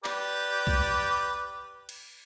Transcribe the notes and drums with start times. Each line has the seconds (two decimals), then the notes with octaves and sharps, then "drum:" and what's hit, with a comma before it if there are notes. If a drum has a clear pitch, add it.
0.04 G4 B4 D5, drum: clap
0.67 drum: kick B1
1.89 drum: cymbal